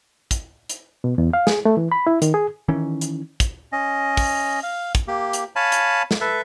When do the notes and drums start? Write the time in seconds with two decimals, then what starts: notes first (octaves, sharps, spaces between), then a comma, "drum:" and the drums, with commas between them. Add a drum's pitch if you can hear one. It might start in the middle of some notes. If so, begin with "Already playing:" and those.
0.31 drum: kick, hi-hat
0.69 drum: hi-hat
1.04 B2
1.18 E2
1.33 F5
1.47 G#4, drum: snare
1.65 A3
1.77 E3
1.92 B5
2.07 E4
2.22 D#3, drum: hi-hat
2.34 G#4
2.68 D#3 E3 C#4
3.01 drum: hi-hat
3.40 drum: kick, hi-hat
3.72 C#4 D#5
4.17 drum: kick, open hi-hat
4.63 F5
4.95 drum: kick, hi-hat
5.08 A#3 G4
5.33 drum: hi-hat
5.56 C#5 F5 G#5 A5 B5
5.72 drum: hi-hat
6.11 drum: snare
6.21 A4 B4 E5